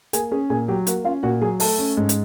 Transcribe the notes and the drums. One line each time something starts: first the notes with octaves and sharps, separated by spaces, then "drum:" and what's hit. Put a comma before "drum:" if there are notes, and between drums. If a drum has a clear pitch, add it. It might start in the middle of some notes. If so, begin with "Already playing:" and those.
A#3 G#4 G#5, drum: hi-hat
C#4 G#4 G#5
A#2 G#4 G#5
F#3 G4 G5
A#3 F#4 F#5, drum: hi-hat
C#4 F4 F5
A#2 F#4 F#5
F#3 G#4 G#5
A3 A4 A5, drum: open hi-hat
C#4
G#2
drum: hi-hat